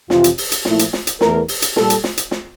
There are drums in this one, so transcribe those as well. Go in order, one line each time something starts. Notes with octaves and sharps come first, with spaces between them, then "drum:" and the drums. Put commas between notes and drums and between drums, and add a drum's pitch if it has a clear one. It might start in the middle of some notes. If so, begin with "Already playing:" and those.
F2 C3 E3 F4, drum: snare
drum: hi-hat
drum: open hi-hat
drum: hi-hat
A#2 F3 A3 E4, drum: snare
drum: hi-hat
drum: snare
drum: hi-hat
E2 E3 A3 A#4, drum: snare
drum: open hi-hat
drum: hi-hat
A#2 G3 A4, drum: snare
drum: hi-hat
drum: snare
drum: hi-hat
drum: snare